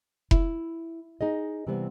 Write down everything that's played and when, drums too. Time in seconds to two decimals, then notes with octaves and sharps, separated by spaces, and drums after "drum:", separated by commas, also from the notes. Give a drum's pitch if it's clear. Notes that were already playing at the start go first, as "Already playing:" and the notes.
0.31 E4, drum: kick F1
1.21 D#4 G#4 D#5
1.67 C3 E3 G3 B3 C4